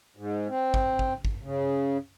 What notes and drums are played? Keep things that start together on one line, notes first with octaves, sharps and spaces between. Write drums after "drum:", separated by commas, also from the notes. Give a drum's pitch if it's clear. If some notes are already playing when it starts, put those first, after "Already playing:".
G#2
C4
drum: kick G#1
drum: kick G#1
drum: kick G#1
C#3